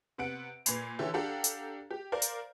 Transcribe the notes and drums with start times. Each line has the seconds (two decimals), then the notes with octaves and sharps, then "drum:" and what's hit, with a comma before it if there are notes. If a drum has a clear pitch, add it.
0.18 C3 B3 F#5 D7
0.66 A#2 B4 B5 G#6 C7 F7, drum: hi-hat
0.99 D3 E3 C#4 E4 G4 A4
1.14 D4 G4 A4 F5 F#5 A#5
1.44 drum: hi-hat
1.91 G4
2.12 A#4 C5 D5 F5
2.22 drum: hi-hat